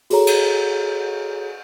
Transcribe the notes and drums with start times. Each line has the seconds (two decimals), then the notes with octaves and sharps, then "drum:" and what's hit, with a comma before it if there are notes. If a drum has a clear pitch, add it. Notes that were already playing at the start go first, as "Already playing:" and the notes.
0.10 F#4 G#4 A4 C#5 A#5, drum: open hi-hat
0.27 drum: cymbal